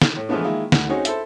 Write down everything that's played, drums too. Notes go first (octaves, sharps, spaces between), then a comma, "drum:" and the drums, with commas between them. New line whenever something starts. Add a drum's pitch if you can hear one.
drum: snare
A2
E3 F3 G#3 A3 B3 D4
D#3 G#3 A#3 E4 F4
D2, drum: snare
C4 C#4 D#4 F#4 G#4 C#5
E4 A4 C5, drum: hi-hat